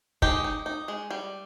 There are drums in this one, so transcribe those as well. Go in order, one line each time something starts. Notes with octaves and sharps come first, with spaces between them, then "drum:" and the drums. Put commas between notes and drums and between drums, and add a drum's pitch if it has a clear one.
G#3 D#4 G4, drum: kick
D#4
D#4
G#3
G3